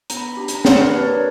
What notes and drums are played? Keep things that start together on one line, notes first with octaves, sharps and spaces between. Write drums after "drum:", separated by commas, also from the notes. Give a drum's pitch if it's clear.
B3 A#5, drum: hi-hat
B5
A#5
B5
D4 G4 A#5
B5, drum: hi-hat
A#5
A#3 F#5, drum: snare
A#4
B4
D4 G4 C#5
D5